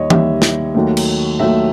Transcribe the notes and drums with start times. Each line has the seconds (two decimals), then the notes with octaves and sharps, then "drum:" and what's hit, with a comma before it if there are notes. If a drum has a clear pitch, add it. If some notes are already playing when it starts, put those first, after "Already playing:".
Already playing: D#2 D#3 G3 C#5 D#5
0.10 D#2 D#3 G3 E5, drum: tom E3
0.42 drum: snare
0.75 D#2 D#3 F#3 A3
0.97 drum: cymbal
1.39 D#2 D#3 F#3 A3 E5